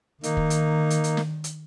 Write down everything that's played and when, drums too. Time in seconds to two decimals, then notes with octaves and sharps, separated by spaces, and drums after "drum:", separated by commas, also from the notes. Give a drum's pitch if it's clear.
0.23 D#3 A#3 D#4, drum: hi-hat
0.37 drum: kick
0.50 drum: hi-hat
0.90 drum: hi-hat
1.04 drum: hi-hat
1.17 drum: snare
1.44 drum: hi-hat